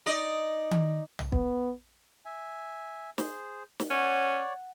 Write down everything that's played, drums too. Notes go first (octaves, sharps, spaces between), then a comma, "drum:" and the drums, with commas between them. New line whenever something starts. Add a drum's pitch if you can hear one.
D#4 D5 D#5
drum: tom D#3
drum: tom
B3, drum: kick
E5 G#5
G#4 C5, drum: snare
drum: snare
C#4 C#5 D5 F#5